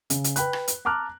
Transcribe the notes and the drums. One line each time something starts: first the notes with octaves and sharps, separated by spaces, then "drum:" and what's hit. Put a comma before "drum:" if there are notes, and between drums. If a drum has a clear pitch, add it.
C#3, drum: hi-hat
drum: hi-hat
B4 G5 B5 F#6, drum: hi-hat
drum: rim click
drum: hi-hat
A5 A#5 D6 F6 F#6